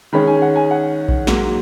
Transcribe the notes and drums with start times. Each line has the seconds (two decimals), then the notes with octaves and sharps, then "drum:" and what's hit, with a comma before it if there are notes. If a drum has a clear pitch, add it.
0.13 D#3 G#3 C#4 B5
0.27 G#5
0.42 F#5
0.56 G#5
0.71 F#5
1.08 drum: kick A#1
1.27 G#2 F#3 A#3, drum: snare